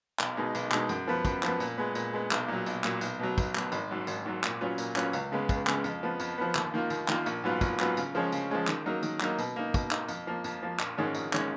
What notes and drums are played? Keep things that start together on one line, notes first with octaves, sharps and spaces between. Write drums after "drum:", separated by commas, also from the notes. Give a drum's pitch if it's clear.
B1, drum: clap
B2 G#3 D#4
B1, drum: tambourine
B2 G#3 D#4, drum: clap
F#2, drum: tambourine
F3 B3
F#2, drum: kick, tambourine
F3 B3, drum: clap
A#2, drum: tambourine
G#3 B3
A#2, drum: tambourine
G#3 B3
B1, drum: clap
A#2 F#3
B1, drum: tambourine
A#2 F#3, drum: clap
B1, drum: tambourine
B2 F#3
B1, drum: kick, tambourine
B2 F#3, drum: clap
G#1, drum: tambourine
G#2 F#3
G#1, drum: tambourine
G#2 F#3
A#2, drum: clap
F#3 C#4 F4 B4
A#2, drum: tambourine
F#3 C#4 F4 B4, drum: clap
C#2, drum: tambourine
C#3 G#3 B3
C#2, drum: kick, tambourine
C#3 G#3 B3, drum: clap
F2, drum: tambourine
F3 B3
F2, drum: tambourine
F3 B3
D#2, drum: clap
D#3 A#3 F4
D#2, drum: tambourine
D#3 A#3 F4, drum: clap
A#1, drum: tambourine
G#2 F#3 B3 F4
A#1, drum: kick, tambourine
G#2 F#3 B3 F4, drum: clap
C#3, drum: tambourine
F3 G#3 C#4
C#3, drum: tambourine
F3 G#3 C#4
D#3, drum: clap
F#3 A#3 D#4 A#4
D#3, drum: tambourine
F#3 A#3 D#4 A#4, drum: clap
B2, drum: tambourine
A#3 D#4
B2, drum: kick, tambourine
A#3 D#4, drum: clap
F2, drum: tambourine
F3 A#3
F2, drum: tambourine
F3 A#3
A#1, drum: clap
G#2 D#3 G#3 C#4
A#1, drum: tambourine
D#3 G#3 C#4, drum: clap